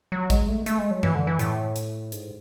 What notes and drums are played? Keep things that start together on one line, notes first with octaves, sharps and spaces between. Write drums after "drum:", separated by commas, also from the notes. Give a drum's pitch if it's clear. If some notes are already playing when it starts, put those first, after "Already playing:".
F#3
G#3, drum: kick, hi-hat
A3
A3, drum: hi-hat
G#3
F#3
E3, drum: tom F#2
D3
E3
A2, drum: hi-hat
drum: hi-hat
G#2, drum: hi-hat